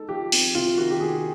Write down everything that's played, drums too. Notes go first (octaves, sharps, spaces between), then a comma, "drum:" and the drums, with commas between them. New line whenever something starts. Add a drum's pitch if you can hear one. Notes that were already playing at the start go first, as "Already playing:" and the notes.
Already playing: G#3 D#4 A4
F3 G4
C4, drum: open hi-hat
C3 F4
D#3 F#4
G4
D#3 G#4